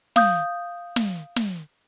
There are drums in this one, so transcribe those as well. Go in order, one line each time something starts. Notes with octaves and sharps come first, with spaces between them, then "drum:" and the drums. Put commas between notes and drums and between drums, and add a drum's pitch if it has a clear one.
F5 D#6 G6, drum: snare
drum: snare
drum: snare